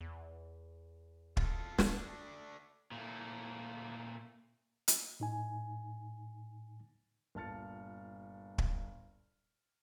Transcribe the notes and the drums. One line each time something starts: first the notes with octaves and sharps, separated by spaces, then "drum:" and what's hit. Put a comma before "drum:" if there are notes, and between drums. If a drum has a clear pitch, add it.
E2
F4 A4, drum: kick
drum: snare
A3 D4
A#2 A3
drum: hi-hat
A2 D#4 G#5
G1 A#2 A5 F6 A6 C#7
drum: kick